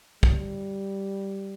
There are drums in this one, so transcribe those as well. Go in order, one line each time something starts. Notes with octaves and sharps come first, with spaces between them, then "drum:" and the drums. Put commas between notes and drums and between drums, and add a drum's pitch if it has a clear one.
G3, drum: kick